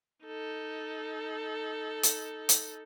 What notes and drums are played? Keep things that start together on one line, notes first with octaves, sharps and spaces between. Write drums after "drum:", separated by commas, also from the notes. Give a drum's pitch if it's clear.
D#4 A4
drum: hi-hat
drum: hi-hat